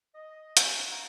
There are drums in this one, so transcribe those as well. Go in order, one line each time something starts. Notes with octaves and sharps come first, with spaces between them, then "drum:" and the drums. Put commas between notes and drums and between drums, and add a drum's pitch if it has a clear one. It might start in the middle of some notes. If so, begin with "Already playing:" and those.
D#5
G#5, drum: hi-hat
A#5